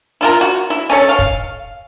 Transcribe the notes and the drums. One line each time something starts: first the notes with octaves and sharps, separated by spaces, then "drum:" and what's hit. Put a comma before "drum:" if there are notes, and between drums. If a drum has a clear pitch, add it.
E4 F4 A#4
drum: hi-hat
F#4
E4
C#4 A4 C#5, drum: hi-hat
F5
drum: kick